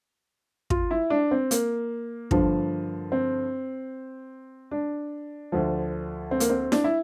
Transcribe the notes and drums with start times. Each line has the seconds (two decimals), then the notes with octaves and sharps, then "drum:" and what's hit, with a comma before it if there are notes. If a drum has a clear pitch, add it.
0.70 F4, drum: kick
0.91 E4
1.10 D4
1.31 C4
1.51 A#3, drum: hi-hat
2.31 G2 D3 F3, drum: kick
3.12 C4
4.71 D4
5.52 D2 D3 F3
6.31 C4
6.40 A#3, drum: hi-hat
6.50 C4
6.72 D4, drum: snare E4
6.84 E4